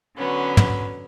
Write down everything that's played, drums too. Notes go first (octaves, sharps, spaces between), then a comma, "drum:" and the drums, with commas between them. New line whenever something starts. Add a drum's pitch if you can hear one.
D3 F#3 B3 C#4
drum: tom